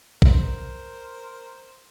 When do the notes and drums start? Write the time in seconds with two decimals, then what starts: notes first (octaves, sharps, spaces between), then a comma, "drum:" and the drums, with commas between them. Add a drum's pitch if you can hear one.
0.22 A#4 C5, drum: kick